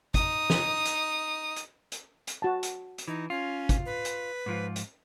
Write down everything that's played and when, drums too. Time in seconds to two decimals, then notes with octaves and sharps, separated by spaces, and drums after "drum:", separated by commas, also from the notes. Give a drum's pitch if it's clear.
0.14 D#4 D#6, drum: kick, hi-hat
0.50 drum: snare
0.85 drum: hi-hat
1.56 drum: hi-hat
1.92 drum: hi-hat
2.27 drum: hi-hat
2.42 F#4 A5
2.63 drum: hi-hat
2.98 drum: hi-hat
3.08 E3 D#4
3.30 C#4 F4
3.69 drum: kick, hi-hat
3.85 B4
4.05 drum: hi-hat
4.46 G#2 F3 F4
4.76 drum: hi-hat